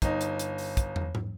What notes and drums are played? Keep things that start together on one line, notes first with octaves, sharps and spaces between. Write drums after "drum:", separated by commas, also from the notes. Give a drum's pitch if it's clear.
G1 D#4, drum: kick, hi-hat
drum: hi-hat
drum: hi-hat
drum: open hi-hat
drum: kick, hi-hat
drum: tom
drum: tom